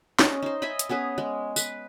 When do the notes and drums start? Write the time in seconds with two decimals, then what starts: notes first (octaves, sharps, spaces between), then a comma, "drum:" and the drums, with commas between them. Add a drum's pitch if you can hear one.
0.19 C#4 D#5, drum: snare
0.42 D#4 C5
0.62 D#5 E5 G#5 B5
0.79 drum: hi-hat
0.89 B3 C#4 G#4 B4
1.18 G#3
1.56 B4, drum: tambourine